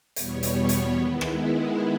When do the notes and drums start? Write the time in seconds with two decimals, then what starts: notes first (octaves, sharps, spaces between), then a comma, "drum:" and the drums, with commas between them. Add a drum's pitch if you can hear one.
0.16 E2 B2 G3 B3 C#5, drum: hi-hat
0.43 drum: hi-hat
0.69 drum: hi-hat
0.95 D#3 G#3 B3 E4
1.21 drum: rim click